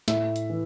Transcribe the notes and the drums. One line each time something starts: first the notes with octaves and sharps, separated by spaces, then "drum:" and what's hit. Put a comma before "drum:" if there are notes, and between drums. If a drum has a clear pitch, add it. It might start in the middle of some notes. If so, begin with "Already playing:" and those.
A2 E5, drum: snare
drum: hi-hat
E3